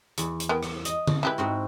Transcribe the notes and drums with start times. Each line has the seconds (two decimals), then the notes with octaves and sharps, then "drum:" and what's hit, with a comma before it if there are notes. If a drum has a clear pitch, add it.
0.18 E2, drum: hi-hat
0.40 drum: hi-hat
0.49 B3 A#4 G5
0.63 drum: rim click
0.85 D#5, drum: hi-hat
1.07 drum: tom
1.23 G#3 E4 G4 B4
1.38 G#2 C4 F#4